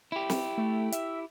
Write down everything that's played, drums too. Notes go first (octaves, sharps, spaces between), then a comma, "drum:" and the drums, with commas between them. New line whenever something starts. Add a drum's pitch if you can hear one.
E4 G4
drum: snare
A3
E5, drum: hi-hat